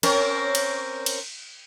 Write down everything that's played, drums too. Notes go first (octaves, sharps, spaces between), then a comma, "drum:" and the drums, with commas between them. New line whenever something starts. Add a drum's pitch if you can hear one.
C4 C#4 A#4, drum: cymbal
drum: cymbal
drum: cymbal